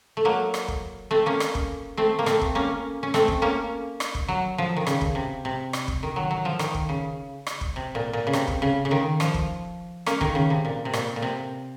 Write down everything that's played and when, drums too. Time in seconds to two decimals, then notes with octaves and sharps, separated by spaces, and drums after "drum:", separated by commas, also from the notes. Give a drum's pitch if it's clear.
0.17 A3
0.25 F#3 A#3
0.54 drum: rim click
0.68 drum: kick
1.11 A3 C4
1.26 A#3 C#4
1.40 drum: rim click
1.55 drum: kick
1.97 A3 C4
2.19 A#3
2.26 A3 C4, drum: rim click
2.41 drum: kick
2.55 A#3 C#4
3.03 C#4
3.14 A3 C4, drum: rim click
3.28 drum: kick
3.42 A#3 C#4
4.00 drum: rim click
4.15 drum: kick
4.28 F#3
4.58 F3
4.77 D#3
4.87 C#3, drum: rim click
5.01 drum: kick
5.15 C3
5.45 C3
5.73 drum: rim click
5.88 drum: kick
6.03 D#3
6.16 F#3
6.31 F#3
6.45 F3
6.59 D#3, drum: rim click
6.74 drum: kick
6.89 C#3
7.47 drum: rim click
7.61 drum: kick
7.76 C3
7.95 A#2
8.13 A#2
8.27 C#3
8.33 C3, drum: rim click
8.48 drum: kick
8.62 C#3
8.85 C#3
8.91 D#3
9.20 F3, drum: rim click
9.34 drum: kick
10.06 A#3 C#4, drum: rim click
10.21 D#3, drum: kick
10.35 C#3
10.50 C3
10.65 A#2
10.85 C3
10.93 A#2, drum: rim click
11.16 A#2
11.22 C3